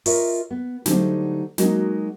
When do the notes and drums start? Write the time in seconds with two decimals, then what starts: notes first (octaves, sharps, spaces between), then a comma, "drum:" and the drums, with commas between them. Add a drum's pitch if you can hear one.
0.06 F4 A#4 C#5 D#5 E5, drum: open hi-hat
0.51 B3
0.86 D3 F#3 G3 A3 D#4 C5, drum: snare
1.58 F#3 G#3 A#3 D#4 F#4, drum: snare